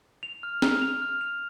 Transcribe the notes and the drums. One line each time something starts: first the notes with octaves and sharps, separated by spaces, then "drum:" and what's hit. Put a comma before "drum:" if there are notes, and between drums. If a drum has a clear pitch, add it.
F7
F6
F6, drum: snare C4
F7
F6
F7